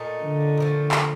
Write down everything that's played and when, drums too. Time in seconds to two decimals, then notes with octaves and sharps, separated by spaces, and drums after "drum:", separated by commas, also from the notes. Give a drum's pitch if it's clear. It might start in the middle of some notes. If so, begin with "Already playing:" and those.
Already playing: A#2 A3 D#4
0.24 D3
0.57 A#2 F3 A3
0.91 drum: clap